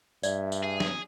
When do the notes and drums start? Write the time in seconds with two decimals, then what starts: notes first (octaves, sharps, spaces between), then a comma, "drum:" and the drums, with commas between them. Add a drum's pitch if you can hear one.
0.23 G2 D5 E5, drum: tambourine
0.52 drum: tambourine
0.63 G#4
0.80 drum: snare